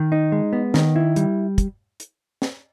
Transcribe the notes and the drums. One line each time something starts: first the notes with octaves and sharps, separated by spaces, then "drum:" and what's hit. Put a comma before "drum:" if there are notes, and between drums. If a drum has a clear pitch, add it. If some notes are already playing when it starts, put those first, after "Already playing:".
Already playing: D#3
D#4
G#3
B3
D#3, drum: snare
E4
G3, drum: hi-hat
drum: kick, hi-hat
drum: hi-hat
drum: snare